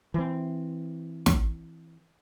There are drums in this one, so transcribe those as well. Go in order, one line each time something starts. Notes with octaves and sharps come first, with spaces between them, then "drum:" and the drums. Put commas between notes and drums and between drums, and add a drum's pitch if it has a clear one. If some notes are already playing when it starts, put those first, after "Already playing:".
E3 C4
drum: snare